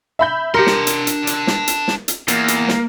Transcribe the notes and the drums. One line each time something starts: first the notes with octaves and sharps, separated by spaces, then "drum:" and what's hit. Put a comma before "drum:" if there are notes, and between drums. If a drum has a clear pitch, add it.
E5 B5 G6
D4 G4 A#4 C6 A#6 C#7
drum: snare
drum: hi-hat
drum: hi-hat
drum: hi-hat
drum: snare
drum: hi-hat
drum: snare
drum: hi-hat
E2 A#3, drum: hi-hat
drum: hi-hat
drum: snare